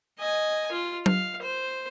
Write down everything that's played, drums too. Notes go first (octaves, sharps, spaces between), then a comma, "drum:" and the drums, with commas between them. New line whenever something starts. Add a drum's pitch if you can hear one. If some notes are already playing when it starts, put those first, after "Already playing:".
D#5 G#5
F4
F5, drum: tom
C5